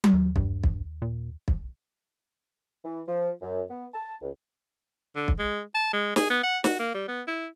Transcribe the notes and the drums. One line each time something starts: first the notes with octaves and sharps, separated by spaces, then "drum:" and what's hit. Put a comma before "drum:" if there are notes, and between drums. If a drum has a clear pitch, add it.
drum: tom F#3
D#2
G2, drum: kick
drum: kick
A#2
drum: kick
E3
F3
F#2
B3
A5
C#2
D3
drum: kick
G#3
A5
G#3
G#4, drum: snare
B3
F#5
F#4, drum: snare
A#3
G3
B3
E4